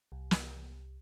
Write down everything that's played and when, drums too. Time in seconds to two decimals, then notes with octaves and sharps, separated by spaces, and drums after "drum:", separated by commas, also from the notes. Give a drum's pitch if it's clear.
0.12 C2
0.31 drum: snare